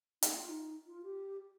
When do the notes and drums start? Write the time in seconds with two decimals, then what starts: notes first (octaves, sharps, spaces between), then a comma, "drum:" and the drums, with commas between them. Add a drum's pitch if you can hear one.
0.22 D#4, drum: hi-hat
0.35 F4
0.48 D#4
0.87 F4
1.02 G4